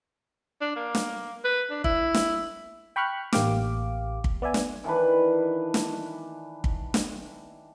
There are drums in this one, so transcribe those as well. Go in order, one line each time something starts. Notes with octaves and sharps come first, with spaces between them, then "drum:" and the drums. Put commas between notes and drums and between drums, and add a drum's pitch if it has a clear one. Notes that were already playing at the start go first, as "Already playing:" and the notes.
D4
A#3
drum: snare
B4
D4
E4, drum: kick
drum: snare
G5 B5 C#6 F6 F#6
A1 A#3 G4 F5 D6, drum: snare
drum: kick
B3 D5 E5 G#5
drum: snare
D#3 E3 D4 B4
drum: snare
drum: kick
drum: snare